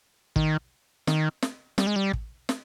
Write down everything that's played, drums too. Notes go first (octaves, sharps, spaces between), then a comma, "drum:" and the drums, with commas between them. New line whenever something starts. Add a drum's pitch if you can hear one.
D#3, drum: kick
D#3, drum: snare
drum: snare
G3, drum: snare
G#3
G3
drum: kick
drum: snare